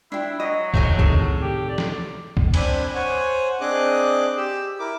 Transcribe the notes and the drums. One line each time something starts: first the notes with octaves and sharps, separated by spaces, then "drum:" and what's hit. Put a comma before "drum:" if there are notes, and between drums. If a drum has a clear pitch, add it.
D4 E4 G5
F#3 D#5
G#1 A4 C5 C#5 D#5 G#5, drum: kick
A2 C3 D#3 G#4 A5, drum: kick
G4
D5
drum: snare
drum: kick
C4 D4 G#5 B5, drum: cymbal
C5 C#5 F#5 G#5
C4 D4 G#4 D#5 D6 F#6
G4 E6
E4 A#4 D6